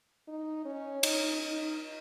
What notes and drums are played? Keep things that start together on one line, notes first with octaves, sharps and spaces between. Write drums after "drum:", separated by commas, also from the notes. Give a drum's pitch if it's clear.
D#4
C#4
D#4, drum: cymbal
D#4